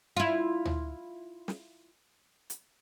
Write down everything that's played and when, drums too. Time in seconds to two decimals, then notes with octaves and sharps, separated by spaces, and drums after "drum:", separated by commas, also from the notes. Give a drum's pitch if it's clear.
0.17 E4 F4
0.65 drum: tom
1.48 drum: snare
2.50 drum: hi-hat